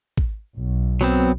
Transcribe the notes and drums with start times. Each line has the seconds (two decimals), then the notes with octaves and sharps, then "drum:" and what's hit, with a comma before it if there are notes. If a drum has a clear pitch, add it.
0.18 drum: kick
0.56 B1
1.01 F#3 B3 C4